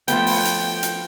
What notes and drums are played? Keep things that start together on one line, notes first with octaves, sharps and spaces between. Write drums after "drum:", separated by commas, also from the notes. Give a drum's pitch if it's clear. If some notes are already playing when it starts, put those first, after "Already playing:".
F3 A3 B3 G5, drum: hi-hat
drum: open hi-hat
drum: hi-hat
drum: hi-hat